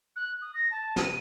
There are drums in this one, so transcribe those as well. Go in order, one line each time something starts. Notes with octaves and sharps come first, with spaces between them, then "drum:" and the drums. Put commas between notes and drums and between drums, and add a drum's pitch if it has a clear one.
F#6
D#6
A#6
A5
D#7, drum: snare